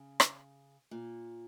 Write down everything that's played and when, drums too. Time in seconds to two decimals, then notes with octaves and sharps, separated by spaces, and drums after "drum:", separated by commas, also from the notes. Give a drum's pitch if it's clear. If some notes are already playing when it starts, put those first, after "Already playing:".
Already playing: C#3
0.20 drum: rim click
0.91 A#2